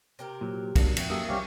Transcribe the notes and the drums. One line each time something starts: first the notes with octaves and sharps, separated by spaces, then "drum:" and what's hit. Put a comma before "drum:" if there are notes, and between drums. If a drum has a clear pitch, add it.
C3 G4 A#4
A#2 F#3
F#3 A#3 D4, drum: kick, cymbal
F2 F#4 E5 G5, drum: cymbal
F#2 A#3 G4 A4 D#6 E6
C2 G3 C#4 G4 F5